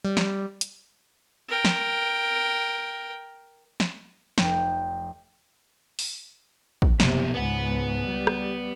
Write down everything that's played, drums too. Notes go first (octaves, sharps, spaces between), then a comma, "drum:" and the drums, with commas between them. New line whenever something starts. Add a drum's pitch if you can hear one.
G3
drum: snare
drum: hi-hat
A#4 G5
drum: snare
drum: snare
F1 G5, drum: snare
drum: open hi-hat
drum: kick
F#1 C3 F3 B3, drum: snare
C#2 G#2 B3 F#5
G3
drum: rim click